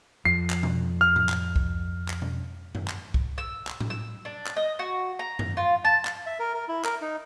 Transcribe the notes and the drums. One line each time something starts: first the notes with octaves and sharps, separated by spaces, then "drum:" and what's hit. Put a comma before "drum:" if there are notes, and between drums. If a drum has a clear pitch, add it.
F2 C7
drum: clap
drum: tom B2
F6
drum: tom A2
drum: clap
drum: kick C2
drum: clap
drum: tom B2
drum: tom F#2
drum: clap
drum: kick C2
E6
drum: clap
drum: tom A2
E6
D4
drum: clap
D#5
F#4
A#5
drum: tom F#2
F4
A5
drum: clap
E5
A#4
A#4
E4
A#4, drum: clap
D#4